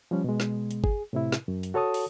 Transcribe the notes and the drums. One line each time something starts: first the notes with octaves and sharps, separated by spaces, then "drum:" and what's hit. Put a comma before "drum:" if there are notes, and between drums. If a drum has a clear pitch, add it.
F3 G3 C#4
B2 G#3
drum: snare
drum: hi-hat
G#4, drum: kick G1
A2 C3 E4
drum: snare
F#2
drum: hi-hat
F#4 A4 C#5 A5 D#6
drum: open hi-hat